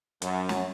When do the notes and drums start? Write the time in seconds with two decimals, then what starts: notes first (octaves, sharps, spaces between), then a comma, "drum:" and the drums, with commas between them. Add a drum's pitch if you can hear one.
0.22 F#2, drum: hi-hat
0.49 drum: snare